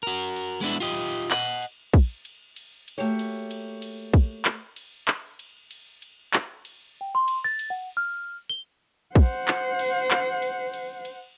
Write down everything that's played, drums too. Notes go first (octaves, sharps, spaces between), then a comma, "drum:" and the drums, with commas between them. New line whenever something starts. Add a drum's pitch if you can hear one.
F#4 A#4
drum: cymbal
G#3 B3 D4 E4
F4 G4 D#5
D#5 F#5, drum: clap
drum: cymbal
drum: kick, cymbal
drum: cymbal
drum: cymbal
drum: cymbal
A3 A#3 F#4 G4 C#5
drum: cymbal
drum: cymbal
drum: cymbal
drum: kick, cymbal
drum: clap
drum: cymbal
drum: clap
drum: cymbal
drum: cymbal
drum: cymbal
drum: clap
drum: cymbal
G5
C6
drum: cymbal
A6
drum: cymbal
F#5
F6
G7
C5 F#5, drum: kick, cymbal
drum: clap
drum: cymbal
drum: clap
drum: cymbal
drum: cymbal
drum: cymbal